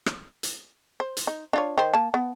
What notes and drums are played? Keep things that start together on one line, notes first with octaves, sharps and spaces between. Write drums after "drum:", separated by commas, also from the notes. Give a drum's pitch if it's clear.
drum: rim click
drum: hi-hat
C5
drum: hi-hat
D#4
D4 F4 C#5
D#3 C5
A#3 A5
B3